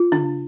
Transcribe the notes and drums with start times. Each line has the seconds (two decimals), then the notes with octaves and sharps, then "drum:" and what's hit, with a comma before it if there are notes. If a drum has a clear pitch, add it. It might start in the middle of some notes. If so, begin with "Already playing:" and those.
Already playing: F4
0.12 D4, drum: tom C#3